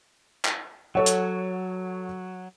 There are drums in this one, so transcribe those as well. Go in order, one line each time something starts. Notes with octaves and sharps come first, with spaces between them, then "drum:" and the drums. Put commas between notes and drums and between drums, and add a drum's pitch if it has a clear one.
drum: clap
F#3 A4 C#5 F#5
drum: hi-hat